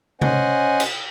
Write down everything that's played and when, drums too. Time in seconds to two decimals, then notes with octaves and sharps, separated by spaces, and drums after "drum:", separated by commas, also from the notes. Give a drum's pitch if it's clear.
0.21 C#4 C5 D#5 F#5 G#5, drum: tom C3
0.80 drum: cymbal